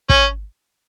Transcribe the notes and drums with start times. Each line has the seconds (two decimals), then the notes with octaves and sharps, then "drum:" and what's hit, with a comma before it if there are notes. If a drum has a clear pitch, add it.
0.09 C#4, drum: kick